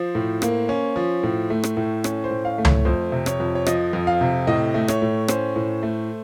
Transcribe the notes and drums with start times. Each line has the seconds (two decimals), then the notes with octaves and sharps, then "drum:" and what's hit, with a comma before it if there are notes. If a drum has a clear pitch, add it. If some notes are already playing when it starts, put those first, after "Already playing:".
Already playing: F3 C5
0.15 A2
0.42 A#3, drum: rim click
0.69 C#4
0.96 F3
1.23 A2
1.50 A3
1.64 drum: rim click
1.77 A2
2.04 C#4, drum: rim click
2.24 C5
2.31 A2
2.45 F5
2.58 A3
2.65 C#5, drum: tom C#2
2.85 F2 C5
3.12 C3
3.26 C#5, drum: rim click
3.40 F2
3.55 C#5
3.66 F3 D#5, drum: rim click
3.93 F2
4.07 F5
4.21 C3
4.47 A2 D#5
4.74 A3
4.88 C#5, drum: rim click
5.02 A2
5.28 C#4 C5, drum: rim click
5.56 A2
5.83 A3